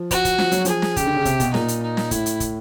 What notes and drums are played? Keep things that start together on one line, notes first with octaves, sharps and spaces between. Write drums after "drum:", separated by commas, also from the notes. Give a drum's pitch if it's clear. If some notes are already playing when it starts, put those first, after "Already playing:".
Already playing: F3
F#4, drum: kick, hi-hat
drum: kick, hi-hat
F3, drum: snare
F#3, drum: hi-hat
F3 G#4, drum: hi-hat
drum: snare
C#3 G4, drum: kick, hi-hat
D3
C#3
C3, drum: kick, hi-hat
B2, drum: kick, hi-hat
A#2 D#4, drum: snare
drum: hi-hat
D#4
drum: snare
A2 E4, drum: kick, hi-hat
drum: hi-hat
drum: kick, hi-hat